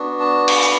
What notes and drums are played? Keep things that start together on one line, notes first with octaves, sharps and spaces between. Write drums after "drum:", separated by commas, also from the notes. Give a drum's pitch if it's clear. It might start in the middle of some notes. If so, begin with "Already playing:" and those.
Already playing: B3 D4 F#4
A5
drum: cymbal
B5, drum: hi-hat